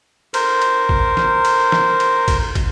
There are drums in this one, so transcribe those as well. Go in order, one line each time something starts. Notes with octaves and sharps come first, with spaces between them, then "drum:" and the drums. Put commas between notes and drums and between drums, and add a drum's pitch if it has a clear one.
A#4 C5, drum: cymbal
drum: cymbal
drum: kick
drum: snare
drum: cymbal
drum: snare
drum: cymbal
drum: kick, cymbal
drum: kick, cymbal